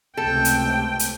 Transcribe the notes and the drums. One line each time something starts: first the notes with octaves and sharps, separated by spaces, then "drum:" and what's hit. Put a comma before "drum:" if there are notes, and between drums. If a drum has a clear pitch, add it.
C#2 C3 A3 A4 G5
drum: hi-hat
drum: hi-hat